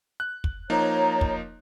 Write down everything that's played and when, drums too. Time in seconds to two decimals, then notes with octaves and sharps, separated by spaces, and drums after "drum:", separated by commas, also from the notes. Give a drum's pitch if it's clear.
0.20 F#6
0.44 drum: kick
0.70 F3 A#3 D#4 C#5 A#5
1.21 drum: kick